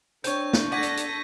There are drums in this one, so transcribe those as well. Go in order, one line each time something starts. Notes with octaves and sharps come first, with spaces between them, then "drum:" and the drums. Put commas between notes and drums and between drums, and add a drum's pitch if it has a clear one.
C4 D4 C#5 C#6 G6, drum: hi-hat
drum: snare
A4 D5 F#5 G#6 A#6 B6 D#7
drum: hi-hat
drum: hi-hat